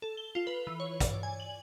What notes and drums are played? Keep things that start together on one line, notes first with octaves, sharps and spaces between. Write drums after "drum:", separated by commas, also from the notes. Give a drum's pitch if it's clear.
A4
G7
F4
B4
E3
C#5
D5, drum: kick, hi-hat
G#5
F#7